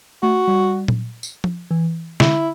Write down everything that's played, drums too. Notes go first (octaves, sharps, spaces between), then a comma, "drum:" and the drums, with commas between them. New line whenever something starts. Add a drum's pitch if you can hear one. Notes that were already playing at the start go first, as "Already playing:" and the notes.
A3 F#4
G3
drum: tom A#2
drum: tambourine
drum: tom F3
E3
D3 E4, drum: snare